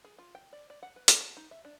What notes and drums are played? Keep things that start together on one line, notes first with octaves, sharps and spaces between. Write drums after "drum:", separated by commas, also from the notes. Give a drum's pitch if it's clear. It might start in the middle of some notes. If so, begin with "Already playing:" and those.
G#4
F4
G5
D5
D5
F#5
B4
B5, drum: hi-hat
A5
D#4
E5
D4